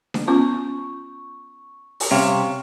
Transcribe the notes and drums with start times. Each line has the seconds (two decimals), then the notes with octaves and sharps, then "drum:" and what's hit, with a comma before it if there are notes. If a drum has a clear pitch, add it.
0.14 drum: snare D4
0.28 B3 C#4 F4 C#6
2.00 drum: open hi-hat
2.11 C3 G3 C#5 F5 G5 C#6 F6